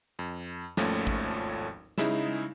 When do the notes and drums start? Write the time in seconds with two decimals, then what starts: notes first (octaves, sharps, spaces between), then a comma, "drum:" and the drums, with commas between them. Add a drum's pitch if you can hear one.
0.19 F2
0.77 G#1 D#2 F3 A3 C#4 C#5, drum: snare
1.07 drum: kick
1.98 C#3 G#3 D#4 E4 E7, drum: snare